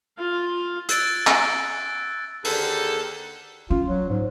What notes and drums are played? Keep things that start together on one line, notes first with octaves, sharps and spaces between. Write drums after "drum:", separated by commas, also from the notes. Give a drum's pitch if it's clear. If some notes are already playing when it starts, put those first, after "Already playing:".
F4 F5
E6 F#6 G#6 A6 D7, drum: hi-hat
drum: clap
D#2 D3 G#4 A4, drum: open hi-hat
C#4 F4
F#3
G#2